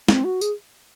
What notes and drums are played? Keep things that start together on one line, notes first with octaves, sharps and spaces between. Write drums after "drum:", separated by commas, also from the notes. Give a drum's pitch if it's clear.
C4, drum: snare
F#4
G#4, drum: tambourine